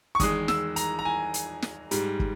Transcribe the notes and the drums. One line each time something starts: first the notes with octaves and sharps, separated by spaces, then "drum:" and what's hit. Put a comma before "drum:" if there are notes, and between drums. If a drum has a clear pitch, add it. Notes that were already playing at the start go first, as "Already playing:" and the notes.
C#6
E2 D#3 G#3 D#6, drum: kick, hi-hat
E6, drum: snare
A#5, drum: hi-hat
A#5
G#5
drum: hi-hat
drum: snare
G#2 G3, drum: hi-hat
drum: kick